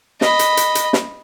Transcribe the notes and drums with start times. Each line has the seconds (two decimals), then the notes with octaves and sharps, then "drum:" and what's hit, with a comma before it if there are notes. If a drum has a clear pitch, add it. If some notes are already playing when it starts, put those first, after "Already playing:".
0.21 D#5 B5, drum: snare
0.39 drum: hi-hat
0.57 drum: hi-hat
0.75 drum: hi-hat
0.93 drum: snare